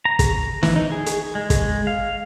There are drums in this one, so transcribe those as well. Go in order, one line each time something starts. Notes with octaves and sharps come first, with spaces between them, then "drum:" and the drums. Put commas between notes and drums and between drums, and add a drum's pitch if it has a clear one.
A#5
drum: kick, hi-hat
E3, drum: snare
D#4
G#4
drum: hi-hat
G#3
drum: kick, hi-hat
F5